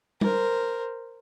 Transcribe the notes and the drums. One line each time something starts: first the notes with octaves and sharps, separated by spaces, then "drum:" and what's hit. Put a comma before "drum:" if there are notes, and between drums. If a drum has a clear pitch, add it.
A#4 C5, drum: tom